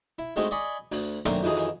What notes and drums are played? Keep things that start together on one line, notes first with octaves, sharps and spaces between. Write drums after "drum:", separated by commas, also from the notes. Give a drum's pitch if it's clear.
E4
G#3 A3 C4 D#4 E4 F#4
D5 D#5 G#5 B5 C#6
D2, drum: open hi-hat
F#2 D3 D#3 A3 A#3 C4, drum: rim click
F2 D#3 E3 F#3 G#4
drum: hi-hat